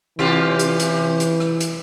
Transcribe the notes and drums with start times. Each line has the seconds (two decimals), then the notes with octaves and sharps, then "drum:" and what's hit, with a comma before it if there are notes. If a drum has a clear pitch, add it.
0.19 C3 E3 F4 G4, drum: rim click
0.59 drum: hi-hat
0.80 drum: hi-hat
1.20 drum: hi-hat
1.40 drum: rim click
1.61 drum: hi-hat